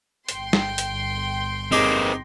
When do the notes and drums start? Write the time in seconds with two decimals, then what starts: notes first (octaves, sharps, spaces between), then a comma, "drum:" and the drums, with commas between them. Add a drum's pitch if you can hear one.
0.29 G1 G5 C6, drum: hi-hat
0.53 drum: snare
0.78 drum: hi-hat
1.72 A#3 C4 D#4 G4 G#4